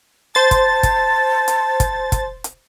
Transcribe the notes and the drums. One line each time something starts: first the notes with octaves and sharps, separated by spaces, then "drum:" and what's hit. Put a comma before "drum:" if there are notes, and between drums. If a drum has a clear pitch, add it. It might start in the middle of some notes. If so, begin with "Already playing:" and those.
C5 A5 A6
drum: kick, hi-hat
drum: kick, hi-hat
drum: hi-hat
drum: kick, hi-hat
drum: kick, hi-hat
drum: hi-hat